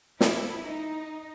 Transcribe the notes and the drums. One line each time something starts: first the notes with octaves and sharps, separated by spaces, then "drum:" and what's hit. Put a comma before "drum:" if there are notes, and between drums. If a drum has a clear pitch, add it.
E4, drum: snare
D#4